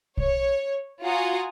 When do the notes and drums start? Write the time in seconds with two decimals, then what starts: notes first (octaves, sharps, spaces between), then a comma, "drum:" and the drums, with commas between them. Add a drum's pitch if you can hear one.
0.17 C#5, drum: kick B1
1.03 F4 F#4 F#5 G#5 A#5 D#6